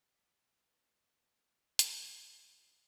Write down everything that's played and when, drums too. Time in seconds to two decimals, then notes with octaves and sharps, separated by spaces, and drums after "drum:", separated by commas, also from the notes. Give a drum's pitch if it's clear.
0.15 B3 A4 D6 B6
1.79 F#4 A#4 B6, drum: hi-hat